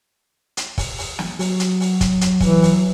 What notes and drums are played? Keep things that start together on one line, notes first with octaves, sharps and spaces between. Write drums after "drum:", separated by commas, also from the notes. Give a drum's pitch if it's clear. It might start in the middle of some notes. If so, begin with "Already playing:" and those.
drum: hi-hat
drum: kick, open hi-hat
drum: open hi-hat
drum: snare
F#3, drum: open hi-hat
drum: hi-hat
drum: open hi-hat
drum: kick, hi-hat
drum: hi-hat
E3, drum: kick, open hi-hat
drum: open hi-hat